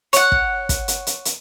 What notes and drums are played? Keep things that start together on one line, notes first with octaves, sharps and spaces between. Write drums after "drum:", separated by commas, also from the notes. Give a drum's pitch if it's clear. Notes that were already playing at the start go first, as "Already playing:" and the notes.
C#5 F#5, drum: hi-hat
drum: kick
drum: kick, hi-hat
drum: hi-hat
drum: hi-hat
drum: hi-hat